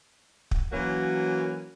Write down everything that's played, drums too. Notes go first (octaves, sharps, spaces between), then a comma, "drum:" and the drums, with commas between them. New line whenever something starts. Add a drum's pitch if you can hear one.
drum: kick
E3 F#3 A#3 C#4 F#4